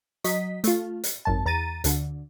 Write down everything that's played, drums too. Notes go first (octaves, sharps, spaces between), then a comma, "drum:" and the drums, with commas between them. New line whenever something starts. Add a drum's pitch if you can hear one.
F#3 D#5 B6, drum: hi-hat
A3 F4, drum: hi-hat
drum: hi-hat
G#1 F#2 A5
E2 A#5 A6 D#7
D2 D3, drum: hi-hat